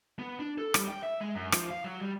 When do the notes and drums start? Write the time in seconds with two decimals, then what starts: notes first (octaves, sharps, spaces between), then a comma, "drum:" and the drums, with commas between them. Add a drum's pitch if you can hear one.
0.19 B3
0.39 D4
0.58 A4
0.74 G3, drum: rim click
0.88 G5
1.03 E5
1.21 G#3
1.35 F#2
1.52 F3, drum: rim click
1.71 F5
1.84 F#3
2.02 G3